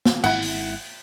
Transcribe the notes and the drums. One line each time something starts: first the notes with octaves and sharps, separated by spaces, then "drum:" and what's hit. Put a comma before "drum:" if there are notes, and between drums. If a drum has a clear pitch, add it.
drum: snare
G#1 E4 F#5, drum: cymbal
drum: open hi-hat